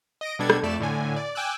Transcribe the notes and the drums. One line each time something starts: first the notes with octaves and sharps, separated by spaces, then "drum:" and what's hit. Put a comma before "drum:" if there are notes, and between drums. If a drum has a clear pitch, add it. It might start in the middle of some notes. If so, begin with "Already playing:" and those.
D#5 A#6 D7
B2 G3 D4 A4 G#6
drum: rim click
F2 A3 D5 E7
A2 D3 G#5
D5
G5 G#5 D6 E6 F#6